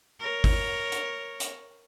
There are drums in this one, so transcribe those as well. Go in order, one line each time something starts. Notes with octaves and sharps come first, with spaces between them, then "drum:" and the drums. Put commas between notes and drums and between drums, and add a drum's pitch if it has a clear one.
A#4 C#5
drum: kick, open hi-hat
drum: hi-hat
drum: hi-hat